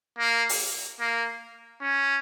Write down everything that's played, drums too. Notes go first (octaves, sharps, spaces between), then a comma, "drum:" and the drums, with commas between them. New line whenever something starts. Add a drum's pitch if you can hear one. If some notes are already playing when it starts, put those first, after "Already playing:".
A#3
drum: open hi-hat
A#3
C#4